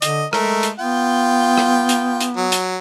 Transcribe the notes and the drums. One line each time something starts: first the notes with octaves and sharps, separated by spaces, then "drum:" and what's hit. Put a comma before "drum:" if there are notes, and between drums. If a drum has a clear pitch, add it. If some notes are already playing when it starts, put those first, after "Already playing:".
D3 D#5, drum: hi-hat
G#3 A3 A#4, drum: rim click
drum: hi-hat
B3 F4 G5
drum: rim click
drum: hi-hat
drum: hi-hat
F#3
drum: hi-hat